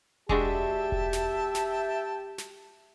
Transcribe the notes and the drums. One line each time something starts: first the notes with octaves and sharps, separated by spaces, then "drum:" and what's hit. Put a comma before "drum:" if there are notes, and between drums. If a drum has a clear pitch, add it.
G#3 D4 F#4 G4 E5 G5 A5, drum: kick E1
drum: kick E1
drum: snare
drum: snare
drum: snare